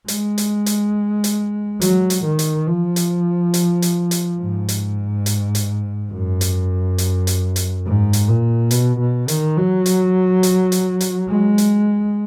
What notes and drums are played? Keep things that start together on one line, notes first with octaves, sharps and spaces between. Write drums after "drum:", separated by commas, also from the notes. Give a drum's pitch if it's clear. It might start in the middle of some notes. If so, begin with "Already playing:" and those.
G#3, drum: hi-hat
drum: hi-hat
drum: hi-hat
drum: hi-hat
F#3, drum: hi-hat
drum: hi-hat
D#3
drum: hi-hat
F3
drum: hi-hat
drum: hi-hat
drum: hi-hat
drum: hi-hat
G#2
drum: hi-hat
drum: hi-hat
drum: hi-hat
F#2
drum: hi-hat
drum: hi-hat
drum: hi-hat
drum: hi-hat
G#2
drum: hi-hat
A#2
B2, drum: hi-hat
B2
D#3, drum: hi-hat
F#3
drum: hi-hat
drum: hi-hat
drum: hi-hat
drum: hi-hat
G#3
drum: hi-hat